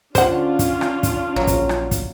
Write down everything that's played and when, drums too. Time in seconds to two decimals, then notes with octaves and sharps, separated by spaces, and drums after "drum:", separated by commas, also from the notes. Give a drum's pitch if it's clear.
0.15 D3 C#4 D4 F4 C5 F#5, drum: kick, hi-hat
0.59 drum: kick, hi-hat
0.81 drum: rim click
1.03 drum: kick, hi-hat
1.36 A#1 F#3
1.47 drum: kick, hi-hat
1.69 drum: rim click
1.91 drum: kick, hi-hat